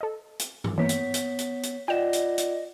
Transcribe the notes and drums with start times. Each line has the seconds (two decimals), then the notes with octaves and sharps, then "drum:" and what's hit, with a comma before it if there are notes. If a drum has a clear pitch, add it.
0.01 A4 D#5
0.39 drum: hi-hat
0.64 drum: tom G2
0.78 E3 A#3 B3 C#5 B6
0.89 drum: hi-hat
1.14 drum: hi-hat
1.39 drum: hi-hat
1.63 drum: hi-hat
1.88 F4 D5 D#5 F#5 G5 E7
2.13 drum: hi-hat
2.38 drum: hi-hat